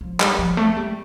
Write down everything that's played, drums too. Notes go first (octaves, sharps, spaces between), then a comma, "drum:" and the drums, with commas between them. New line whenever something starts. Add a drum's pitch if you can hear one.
F3
G3, drum: clap
F3
A3
G3